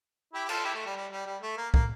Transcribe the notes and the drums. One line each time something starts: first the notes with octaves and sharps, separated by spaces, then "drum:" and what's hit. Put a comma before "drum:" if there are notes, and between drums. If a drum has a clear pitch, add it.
E4 G4
G4
F4 A4, drum: cymbal
E4 G4
A3
G3
G3
G3
G3
A3
A#3
A#3, drum: kick